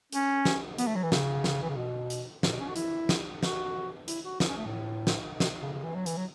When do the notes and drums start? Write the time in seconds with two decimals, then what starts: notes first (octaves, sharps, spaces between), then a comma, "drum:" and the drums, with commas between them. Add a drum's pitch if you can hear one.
0.12 C#4, drum: hi-hat
0.45 drum: snare
0.78 B3, drum: hi-hat
0.87 A3
0.95 F#3
1.03 E3
1.12 C#3, drum: snare
1.44 drum: snare
1.63 E3
1.70 C#3
1.77 B2
2.10 drum: hi-hat
2.43 A2, drum: snare
2.52 B2
2.60 C#4
2.68 F#4
2.76 E4, drum: hi-hat
3.09 drum: snare
3.43 F#4, drum: snare
4.08 E4, drum: hi-hat
4.25 F#4
4.40 E4, drum: snare
4.49 C#4
4.57 A3
4.66 A2
5.07 drum: snare
5.40 B2, drum: snare
5.62 C#3
5.73 C#3
5.84 E3
5.95 F#3
6.06 E3, drum: hi-hat
6.17 F#3